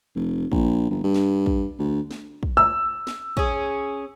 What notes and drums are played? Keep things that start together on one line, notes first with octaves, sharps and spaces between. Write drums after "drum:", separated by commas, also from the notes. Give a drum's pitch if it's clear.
F1
A#1, drum: kick
G1
G2
drum: snare
drum: kick
D2
drum: snare
drum: kick
E6
drum: snare
C#4 G#4, drum: kick